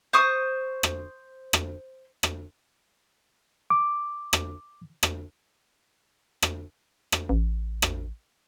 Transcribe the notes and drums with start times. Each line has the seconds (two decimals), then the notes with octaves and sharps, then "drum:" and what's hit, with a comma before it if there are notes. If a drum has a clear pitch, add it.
0.13 C5 C#6 D#6
0.83 drum: rim click
1.53 drum: rim click
2.23 drum: rim click
3.70 D6
4.33 drum: rim click
5.03 drum: rim click
6.42 drum: rim click
7.12 drum: rim click
7.29 A1
7.82 drum: rim click